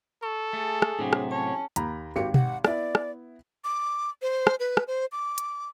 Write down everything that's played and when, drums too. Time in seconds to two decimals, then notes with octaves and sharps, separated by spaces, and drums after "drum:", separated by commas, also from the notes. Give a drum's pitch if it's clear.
0.23 A4 C#6
0.53 A3 G#4
0.82 drum: rim click
0.99 A2 C3 F#3 D4
1.13 drum: rim click
1.31 C#4 C#5 A5
1.76 D#2 A#5 B5, drum: hi-hat
2.16 G#1 F#4 G4 C#7
2.34 F#5, drum: tom B2
2.64 B3 E4 D5, drum: rim click
2.95 drum: rim click
3.64 D6
4.22 C5
4.47 drum: rim click
4.60 B4
4.77 drum: rim click
4.88 C5
5.12 D6
5.38 drum: hi-hat